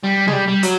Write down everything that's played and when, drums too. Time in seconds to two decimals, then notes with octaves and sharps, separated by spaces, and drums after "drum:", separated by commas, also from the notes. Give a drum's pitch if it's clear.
0.04 G3
0.28 G#3, drum: tom B2
0.33 G3
0.48 G3
0.63 F#3, drum: hi-hat